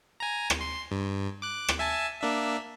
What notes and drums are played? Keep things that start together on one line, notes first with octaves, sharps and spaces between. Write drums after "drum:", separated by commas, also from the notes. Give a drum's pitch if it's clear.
G#5 A#5
drum: rim click
C6
G2
D6 F#6
drum: rim click
E5 G#5 A5
A#3 D4 E5